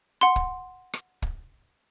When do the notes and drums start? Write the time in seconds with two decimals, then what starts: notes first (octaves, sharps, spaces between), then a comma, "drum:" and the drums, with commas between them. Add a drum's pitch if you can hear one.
0.21 F#5 C6
0.36 drum: kick
0.94 drum: rim click
1.22 drum: kick